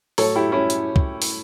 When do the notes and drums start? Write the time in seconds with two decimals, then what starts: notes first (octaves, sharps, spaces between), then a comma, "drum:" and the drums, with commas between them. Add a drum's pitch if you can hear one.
0.18 A2 F#3 A4 C#5, drum: open hi-hat
0.36 E4 G4
0.52 C#4 E4
0.70 drum: hi-hat
0.96 drum: kick
1.22 drum: open hi-hat